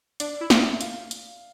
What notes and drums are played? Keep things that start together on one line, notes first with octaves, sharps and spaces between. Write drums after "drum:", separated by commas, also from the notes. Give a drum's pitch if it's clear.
D4 D5, drum: hi-hat
E4
F4 E5, drum: snare
F5, drum: hi-hat
drum: hi-hat